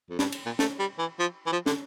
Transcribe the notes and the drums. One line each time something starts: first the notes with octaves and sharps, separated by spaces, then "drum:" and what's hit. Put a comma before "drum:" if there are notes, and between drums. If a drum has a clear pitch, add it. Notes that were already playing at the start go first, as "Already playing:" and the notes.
F2
G2, drum: snare
drum: cymbal
A#2
A3, drum: snare
G3
E3
F3
E3
F3
D3, drum: snare